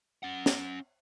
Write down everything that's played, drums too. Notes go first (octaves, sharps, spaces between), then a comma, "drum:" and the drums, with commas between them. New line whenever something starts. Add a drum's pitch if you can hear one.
C#4 F#5
drum: snare